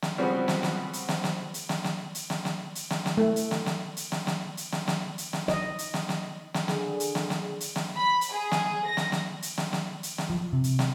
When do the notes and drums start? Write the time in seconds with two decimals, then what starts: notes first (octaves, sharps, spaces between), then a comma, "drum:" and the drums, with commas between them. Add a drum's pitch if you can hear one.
0.02 drum: snare
0.18 C#3 F3 G3 B3 C4 F#4
0.48 drum: snare
0.63 drum: snare
0.93 drum: hi-hat
1.09 drum: snare
1.24 drum: snare
1.54 drum: hi-hat
1.69 drum: snare
1.84 drum: snare
2.15 drum: hi-hat
2.30 drum: snare
2.45 drum: snare
2.75 drum: hi-hat
2.90 drum: snare
3.06 drum: snare
3.17 A3
3.36 drum: hi-hat
3.51 drum: snare
3.66 drum: snare
3.97 drum: hi-hat
4.12 drum: snare
4.27 drum: snare
4.57 drum: hi-hat
4.72 drum: snare
4.88 drum: snare
5.18 drum: hi-hat
5.33 drum: snare
5.48 D#5, drum: snare
5.79 drum: hi-hat
5.94 drum: snare
6.09 drum: snare
6.54 drum: snare
6.68 D3 G#4, drum: snare
7.00 drum: hi-hat
7.15 drum: snare
7.30 drum: snare
7.60 drum: hi-hat
7.76 drum: snare
7.94 B5
8.21 drum: hi-hat
8.31 G#4
8.51 drum: snare
8.85 A#6
8.97 drum: snare
9.12 drum: snare
9.42 drum: hi-hat
9.58 drum: snare
9.73 drum: snare
10.03 drum: hi-hat
10.18 drum: snare
10.30 F3
10.53 C3
10.64 drum: hi-hat
10.79 drum: snare